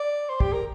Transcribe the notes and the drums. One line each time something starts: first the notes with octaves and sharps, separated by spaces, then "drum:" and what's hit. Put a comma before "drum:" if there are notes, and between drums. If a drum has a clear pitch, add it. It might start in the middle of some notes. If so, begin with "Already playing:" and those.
Already playing: D5
C5
G4, drum: kick
A#4